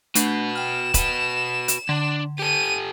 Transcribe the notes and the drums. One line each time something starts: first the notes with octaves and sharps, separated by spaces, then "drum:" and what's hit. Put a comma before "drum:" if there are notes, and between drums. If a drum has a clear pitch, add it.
A3 D4 F#4 B4, drum: hi-hat
G5 F6 E7
F#4 B4, drum: kick, hi-hat
drum: hi-hat
D3 D4
G4 A4 D#7